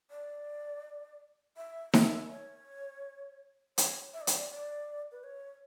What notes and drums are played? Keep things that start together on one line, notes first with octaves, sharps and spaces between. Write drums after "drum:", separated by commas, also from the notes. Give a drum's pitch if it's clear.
D5
E5
E5, drum: snare D#4
C#5
C#5, drum: hi-hat
E5
D5
C#5, drum: hi-hat
D5
D5
B4
C#5